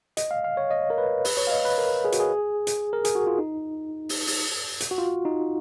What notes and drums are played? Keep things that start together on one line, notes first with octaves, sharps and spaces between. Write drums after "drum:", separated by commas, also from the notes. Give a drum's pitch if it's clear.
D#5, drum: hi-hat
F5
F5
C#5
D#5
A#4
B4
B4, drum: open hi-hat
C#5
F5
D#5
B4
A#4
G#4
F#4, drum: hi-hat
G#4
drum: hi-hat
A#4
G#4, drum: hi-hat
F#4
F4
D#4
drum: open hi-hat
drum: open hi-hat
drum: hi-hat
F#4
F4
D#4